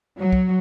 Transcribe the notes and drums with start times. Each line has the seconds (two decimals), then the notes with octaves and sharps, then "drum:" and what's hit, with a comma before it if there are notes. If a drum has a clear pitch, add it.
0.20 F#3
0.33 drum: kick